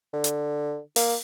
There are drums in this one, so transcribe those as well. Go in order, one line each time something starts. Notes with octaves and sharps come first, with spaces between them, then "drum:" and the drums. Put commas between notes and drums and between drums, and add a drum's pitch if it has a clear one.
D3
drum: hi-hat
A#3, drum: open hi-hat